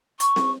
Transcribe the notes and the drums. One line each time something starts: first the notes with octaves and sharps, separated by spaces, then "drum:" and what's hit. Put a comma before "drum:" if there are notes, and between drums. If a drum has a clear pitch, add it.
C#6, drum: hi-hat
drum: snare C4